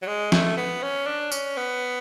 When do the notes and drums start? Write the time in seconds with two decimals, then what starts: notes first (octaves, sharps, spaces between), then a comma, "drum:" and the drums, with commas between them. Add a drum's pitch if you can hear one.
0.02 F#3
0.07 G#3
0.32 A3, drum: snare
0.57 B3
0.83 C#4
1.07 D4
1.32 C#4, drum: tambourine
1.57 B3